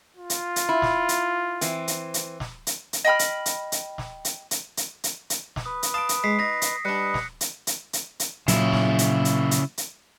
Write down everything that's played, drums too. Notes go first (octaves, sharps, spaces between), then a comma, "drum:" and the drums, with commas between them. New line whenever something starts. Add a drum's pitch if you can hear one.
F4
drum: hi-hat
drum: hi-hat
E4
drum: snare
drum: hi-hat
E3 C4, drum: hi-hat
drum: hi-hat
drum: hi-hat
drum: snare
drum: hi-hat
drum: hi-hat
D#5 G5 B5 F6
drum: hi-hat
drum: hi-hat
drum: hi-hat
drum: snare
drum: hi-hat
drum: hi-hat
drum: hi-hat
drum: hi-hat
drum: hi-hat
drum: snare
B4 D#6
drum: hi-hat
F5 A5 C6 D#6 D7
drum: hi-hat
G#3 B6 C7
D#4 A#6 B6
drum: hi-hat
G3 D4 B4 D#5 F#6 C#7
drum: snare
drum: hi-hat
drum: hi-hat
drum: hi-hat
drum: hi-hat
A#2 C#3 F#3 E4, drum: hi-hat
drum: snare
drum: hi-hat
drum: hi-hat
drum: hi-hat
drum: hi-hat